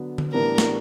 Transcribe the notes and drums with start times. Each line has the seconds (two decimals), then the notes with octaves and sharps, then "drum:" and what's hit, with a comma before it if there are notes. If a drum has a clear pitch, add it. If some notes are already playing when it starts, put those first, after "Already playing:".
Already playing: D3 F#3 B3
0.18 drum: tom D3
0.33 A2 E3 G3 B3 D4 A#4
0.58 drum: snare